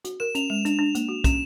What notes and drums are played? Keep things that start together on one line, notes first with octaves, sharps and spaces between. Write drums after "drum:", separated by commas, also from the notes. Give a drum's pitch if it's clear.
F#4, drum: hi-hat
A#4 E7
C#4 F7, drum: hi-hat
G#3 F7
D4, drum: hi-hat
D4
A#3, drum: hi-hat
F#4
C#4 E7, drum: kick, hi-hat